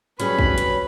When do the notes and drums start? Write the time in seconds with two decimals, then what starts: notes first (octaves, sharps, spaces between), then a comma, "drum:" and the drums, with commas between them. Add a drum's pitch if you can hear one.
0.20 F#3 G3 C#4 G#4 B4 B5, drum: hi-hat
0.39 drum: kick
0.58 drum: hi-hat